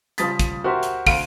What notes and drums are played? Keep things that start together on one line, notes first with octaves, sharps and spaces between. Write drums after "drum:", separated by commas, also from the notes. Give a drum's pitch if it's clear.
C#3 F3 G3 D#6 A6 B6, drum: hi-hat
drum: kick, hi-hat
F#4 G4 A#4 C5 E5
drum: hi-hat
D2 F5 D7 D#7, drum: kick, open hi-hat